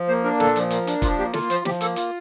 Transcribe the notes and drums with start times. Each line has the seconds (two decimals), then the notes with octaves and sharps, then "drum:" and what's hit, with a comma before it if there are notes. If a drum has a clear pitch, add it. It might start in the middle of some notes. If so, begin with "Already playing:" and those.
Already playing: F3
0.08 A#3 C5
0.24 D4 A#4
0.40 A#2 A4, drum: snare
0.56 F3, drum: hi-hat
0.70 A#3, drum: hi-hat
0.87 D4, drum: hi-hat
1.02 F3 F4, drum: kick, hi-hat
1.18 A#3 G4
1.33 F4 A4, drum: snare
1.50 F3 C5, drum: hi-hat
1.65 F3 G4, drum: snare
1.81 A#3 A4, drum: hi-hat
1.96 F4, drum: hi-hat